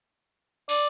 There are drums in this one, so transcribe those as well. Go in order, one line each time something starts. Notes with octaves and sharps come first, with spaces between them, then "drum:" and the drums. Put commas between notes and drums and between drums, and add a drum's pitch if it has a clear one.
D5, drum: cymbal